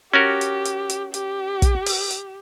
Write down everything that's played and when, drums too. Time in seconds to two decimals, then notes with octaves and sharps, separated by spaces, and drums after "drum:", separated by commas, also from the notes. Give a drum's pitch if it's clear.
0.14 C#4 F#4 G4 A#4
0.41 drum: hi-hat
0.65 drum: hi-hat
0.90 drum: hi-hat
1.14 G4, drum: hi-hat
1.62 drum: kick, hi-hat
1.86 drum: open hi-hat
2.10 drum: hi-hat